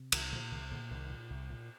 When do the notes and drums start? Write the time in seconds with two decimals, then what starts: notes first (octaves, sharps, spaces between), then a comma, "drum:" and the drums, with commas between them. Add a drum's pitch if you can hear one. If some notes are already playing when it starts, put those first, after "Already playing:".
Already playing: C3
0.12 C2 D#3, drum: cymbal
0.32 A#2 D3 F3
0.51 C2 D#3
0.71 A#2 D3
0.91 C2 D#3
1.10 A#2
1.30 C2
1.50 A#2